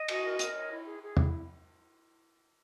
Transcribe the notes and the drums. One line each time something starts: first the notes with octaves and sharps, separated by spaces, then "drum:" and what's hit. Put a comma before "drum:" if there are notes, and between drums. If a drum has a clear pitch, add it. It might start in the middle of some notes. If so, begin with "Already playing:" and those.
Already playing: D#5
F#4, drum: cymbal
A#4
A#4, drum: hi-hat
C#5
E4
G#4
G#4
E4, drum: tom